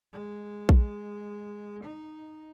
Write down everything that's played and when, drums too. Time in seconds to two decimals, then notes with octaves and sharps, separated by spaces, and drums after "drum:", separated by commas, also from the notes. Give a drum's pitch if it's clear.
0.13 G#3
0.69 drum: kick A#1
1.83 D#4